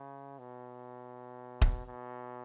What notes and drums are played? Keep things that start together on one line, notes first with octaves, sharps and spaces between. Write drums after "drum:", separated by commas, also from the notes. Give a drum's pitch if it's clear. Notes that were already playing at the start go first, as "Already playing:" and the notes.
Already playing: C#3
B2
drum: kick D#1
B2